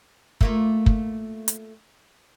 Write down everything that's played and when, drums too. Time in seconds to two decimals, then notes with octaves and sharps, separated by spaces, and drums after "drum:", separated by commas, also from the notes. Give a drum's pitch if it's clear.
0.41 A3 A#3 F4, drum: kick
0.86 drum: kick
1.48 drum: hi-hat